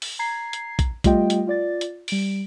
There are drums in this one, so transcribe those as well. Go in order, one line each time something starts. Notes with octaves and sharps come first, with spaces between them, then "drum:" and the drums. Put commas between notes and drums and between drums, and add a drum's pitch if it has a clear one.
drum: open hi-hat
A#5 G#6 C7
drum: hi-hat
drum: kick, hi-hat
G3 A3 F4 G4 D#5 G5, drum: kick, hi-hat
drum: hi-hat
F4 D5 A6
drum: hi-hat
G3 D7, drum: open hi-hat